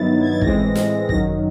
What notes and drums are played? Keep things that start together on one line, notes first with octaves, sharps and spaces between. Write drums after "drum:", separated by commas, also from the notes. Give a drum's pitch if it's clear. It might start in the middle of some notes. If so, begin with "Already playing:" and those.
Already playing: G2 D#3 F#3 B3 E4 A6
G#6
A6
A2 E3 G#3 C4 A#6, drum: kick
drum: snare
F#2 D#3 F#3 A#6, drum: kick